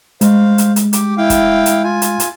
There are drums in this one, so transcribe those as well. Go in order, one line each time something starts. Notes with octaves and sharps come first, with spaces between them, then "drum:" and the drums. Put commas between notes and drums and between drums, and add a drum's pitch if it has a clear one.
G#3 C5 F5, drum: hi-hat
drum: hi-hat
drum: hi-hat
G4 D6, drum: hi-hat
E4 F5 G5
drum: kick, hi-hat
drum: hi-hat
F4 G#5
drum: hi-hat
drum: hi-hat